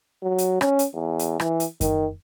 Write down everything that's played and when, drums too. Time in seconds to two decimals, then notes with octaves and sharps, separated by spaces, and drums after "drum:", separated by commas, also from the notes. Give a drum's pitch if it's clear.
0.23 F#3
0.38 drum: hi-hat
0.61 C#4, drum: rim click
0.79 drum: hi-hat
0.93 E2
1.19 drum: hi-hat
1.40 E3, drum: rim click
1.60 drum: hi-hat
1.81 D#3, drum: kick F#2, hi-hat